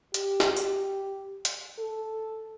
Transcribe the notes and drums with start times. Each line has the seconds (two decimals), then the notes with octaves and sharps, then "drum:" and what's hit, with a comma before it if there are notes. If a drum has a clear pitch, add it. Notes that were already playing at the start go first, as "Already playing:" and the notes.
0.14 G4, drum: hi-hat
0.40 drum: snare
0.57 drum: tambourine
1.45 drum: hi-hat
1.79 A4